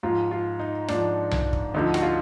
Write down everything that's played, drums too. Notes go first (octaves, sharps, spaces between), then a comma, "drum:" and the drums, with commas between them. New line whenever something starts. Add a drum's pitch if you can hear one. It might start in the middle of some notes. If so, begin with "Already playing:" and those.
G#2 F3 F4
F4
D#4
G#2 F3 D4, drum: rim click
drum: tom B1
drum: kick
D2 D3 F3 D#4
F#4, drum: rim click
F4